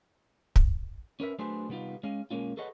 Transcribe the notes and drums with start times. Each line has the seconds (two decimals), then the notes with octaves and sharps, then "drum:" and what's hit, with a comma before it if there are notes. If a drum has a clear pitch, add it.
0.56 drum: kick
1.20 C#4 A#4 B4 E5
1.39 F#3 A3 D4 G#4 B4 C5
1.69 C3 G3 B3 D#4 F4
2.03 G#3 C#4 F5
2.31 B1 G#3 A#3 C#4 F4
2.57 G#4 A4 B4 C#5 D#5 F#5